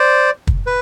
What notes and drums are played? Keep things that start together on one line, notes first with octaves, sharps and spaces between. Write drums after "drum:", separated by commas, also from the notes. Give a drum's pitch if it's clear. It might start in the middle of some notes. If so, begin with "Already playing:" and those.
Already playing: C5 D5
drum: kick
B4